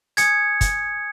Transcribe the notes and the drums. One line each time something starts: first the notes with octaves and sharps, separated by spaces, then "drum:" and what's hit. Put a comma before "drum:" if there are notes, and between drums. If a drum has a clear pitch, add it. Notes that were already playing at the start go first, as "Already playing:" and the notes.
G#5 D#6 G#6 C#7, drum: hi-hat
drum: kick, hi-hat